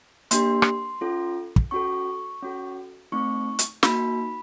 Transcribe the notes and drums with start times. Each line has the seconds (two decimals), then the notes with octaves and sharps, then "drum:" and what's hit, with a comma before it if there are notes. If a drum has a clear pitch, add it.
0.31 A#3 D4 G4 C6, drum: hi-hat
0.62 drum: rim click
1.01 C#4 F4 A4
1.56 drum: kick
1.71 C#4 F#4 A4 C#6
2.42 C#4 F#4 A4
3.12 A3 C4 D#4 C#6
3.59 drum: hi-hat
3.83 A#3 D#4 F#4 B5, drum: snare